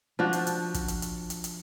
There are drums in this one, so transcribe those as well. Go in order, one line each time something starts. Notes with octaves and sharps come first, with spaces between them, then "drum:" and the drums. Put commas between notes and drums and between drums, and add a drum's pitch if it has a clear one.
F3 D4 F#4
drum: hi-hat
drum: hi-hat
drum: kick, hi-hat
drum: hi-hat
drum: hi-hat
drum: hi-hat
drum: hi-hat